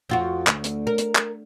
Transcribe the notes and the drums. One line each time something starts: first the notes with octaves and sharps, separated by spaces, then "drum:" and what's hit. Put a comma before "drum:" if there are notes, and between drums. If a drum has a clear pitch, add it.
F2 F4 F#4
D2, drum: clap
drum: hi-hat
A#4
drum: hi-hat
drum: clap